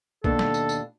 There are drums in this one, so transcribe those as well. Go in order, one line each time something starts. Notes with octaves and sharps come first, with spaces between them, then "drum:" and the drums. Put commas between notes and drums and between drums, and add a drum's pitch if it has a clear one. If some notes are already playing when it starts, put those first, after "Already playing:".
D#2 B2 D4 A4, drum: kick
drum: snare
drum: tambourine
drum: tambourine